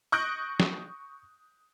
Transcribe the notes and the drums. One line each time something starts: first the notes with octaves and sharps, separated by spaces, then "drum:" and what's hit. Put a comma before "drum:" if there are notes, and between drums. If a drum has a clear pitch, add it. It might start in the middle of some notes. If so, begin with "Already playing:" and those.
C#6 D#6 F#6 G6 A#6 D7
drum: snare